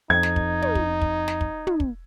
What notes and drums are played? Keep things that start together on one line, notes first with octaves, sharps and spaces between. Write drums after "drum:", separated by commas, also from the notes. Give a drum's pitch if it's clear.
F2 D#4 G#6
drum: snare
drum: kick
drum: tom
drum: kick
drum: kick
drum: snare
drum: kick
drum: tom
drum: kick